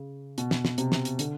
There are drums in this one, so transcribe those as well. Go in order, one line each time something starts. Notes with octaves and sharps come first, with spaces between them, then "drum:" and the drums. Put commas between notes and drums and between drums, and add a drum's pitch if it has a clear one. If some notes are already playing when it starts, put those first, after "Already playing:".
Already playing: C#3
B2, drum: hi-hat
drum: snare
drum: snare
C3, drum: hi-hat
drum: snare
drum: hi-hat
D3, drum: hi-hat